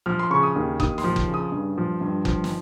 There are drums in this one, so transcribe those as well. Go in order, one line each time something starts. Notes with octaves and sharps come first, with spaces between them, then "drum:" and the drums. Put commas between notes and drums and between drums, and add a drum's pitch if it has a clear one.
F3 F6
C6
C#3 C#6
D#6
D#2
D#2 D#6, drum: kick F#1
C6, drum: snare
F3
drum: kick F#1
C#3
D#6
G2
F3
G2
F3, drum: kick F#1
drum: snare